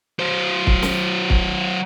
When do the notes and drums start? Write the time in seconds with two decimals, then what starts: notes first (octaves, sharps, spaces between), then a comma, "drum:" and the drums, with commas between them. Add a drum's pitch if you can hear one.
0.19 F#3 C5
0.67 drum: kick
0.83 drum: snare
1.30 drum: kick